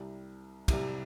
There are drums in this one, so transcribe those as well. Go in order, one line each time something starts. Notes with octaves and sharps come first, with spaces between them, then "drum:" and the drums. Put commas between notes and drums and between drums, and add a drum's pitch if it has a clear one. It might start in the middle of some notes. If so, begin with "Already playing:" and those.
Already playing: C2 C3 G3
C2 C3 G3, drum: kick, cymbal